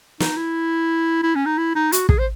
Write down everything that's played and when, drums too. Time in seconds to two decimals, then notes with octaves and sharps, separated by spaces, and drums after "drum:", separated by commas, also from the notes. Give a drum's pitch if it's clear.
0.20 D#4, drum: snare
0.37 E4
1.23 E4
1.35 C#4
1.46 D#4
1.58 E4
1.75 D#4
1.92 F#4, drum: hi-hat
2.09 G#4, drum: kick
2.18 C5